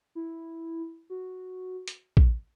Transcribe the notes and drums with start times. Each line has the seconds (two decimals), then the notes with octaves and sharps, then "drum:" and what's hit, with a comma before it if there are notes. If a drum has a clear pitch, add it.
0.15 E4
1.10 F#4
1.88 drum: hi-hat
2.17 drum: kick